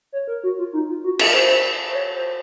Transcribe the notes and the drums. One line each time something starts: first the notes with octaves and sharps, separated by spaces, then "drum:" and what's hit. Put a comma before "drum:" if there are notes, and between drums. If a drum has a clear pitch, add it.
C#5
A#4
F#4
F4
D#4
F4
F#4
G#4, drum: cymbal
A#4
C5
C5
C#5
C5